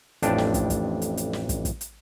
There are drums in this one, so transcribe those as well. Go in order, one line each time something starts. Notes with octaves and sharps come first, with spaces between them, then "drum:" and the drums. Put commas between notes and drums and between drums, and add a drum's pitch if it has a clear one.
A1 F2 D4 G5, drum: hi-hat
drum: snare
drum: kick, hi-hat
drum: kick, hi-hat
drum: hi-hat
drum: hi-hat
drum: snare
drum: kick, hi-hat
drum: kick, hi-hat
drum: hi-hat